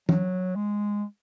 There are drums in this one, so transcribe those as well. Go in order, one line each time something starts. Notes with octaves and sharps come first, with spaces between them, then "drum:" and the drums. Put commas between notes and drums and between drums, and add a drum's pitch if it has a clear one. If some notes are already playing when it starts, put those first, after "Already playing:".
F#3, drum: tom
G#3